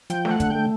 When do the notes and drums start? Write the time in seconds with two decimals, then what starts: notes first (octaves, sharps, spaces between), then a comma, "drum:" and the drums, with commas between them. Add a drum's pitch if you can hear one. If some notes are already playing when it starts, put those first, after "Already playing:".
0.10 F3 G5, drum: hi-hat
0.25 A3, drum: snare
0.31 F#5
0.40 D3, drum: kick, hi-hat
0.50 A3 G5